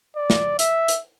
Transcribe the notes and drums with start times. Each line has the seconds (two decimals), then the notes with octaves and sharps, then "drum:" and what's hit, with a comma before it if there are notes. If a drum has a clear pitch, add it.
0.16 D5
0.30 drum: snare
0.59 E5, drum: hi-hat
0.88 drum: hi-hat